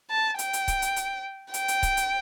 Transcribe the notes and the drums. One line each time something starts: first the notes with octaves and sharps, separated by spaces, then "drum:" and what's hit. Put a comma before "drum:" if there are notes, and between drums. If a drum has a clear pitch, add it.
A5
G5, drum: hi-hat
drum: hi-hat
drum: kick C#1, hi-hat
drum: hi-hat
drum: hi-hat
G5, drum: hi-hat
drum: hi-hat
drum: kick C#1, hi-hat
drum: hi-hat